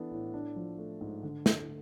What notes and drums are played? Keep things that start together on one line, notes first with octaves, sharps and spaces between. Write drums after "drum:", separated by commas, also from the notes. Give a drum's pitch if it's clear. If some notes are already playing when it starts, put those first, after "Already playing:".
Already playing: E3 B3 D4 A4
A2
D4
F3
A3
G#2
D3
A3, drum: snare